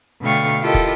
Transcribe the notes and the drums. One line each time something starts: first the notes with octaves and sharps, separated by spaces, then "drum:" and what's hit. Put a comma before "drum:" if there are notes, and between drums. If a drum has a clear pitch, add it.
B2 D3 A3 F5 G5 C#6
E4 F4 G4 A4 A#4 D#5
drum: kick